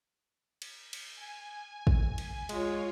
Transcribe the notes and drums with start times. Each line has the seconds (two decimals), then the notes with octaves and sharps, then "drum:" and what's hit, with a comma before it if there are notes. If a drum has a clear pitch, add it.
0.62 drum: cymbal
0.93 drum: cymbal
1.16 G#5
1.87 drum: kick
2.18 drum: cymbal
2.49 G#3 F4 C#5, drum: cymbal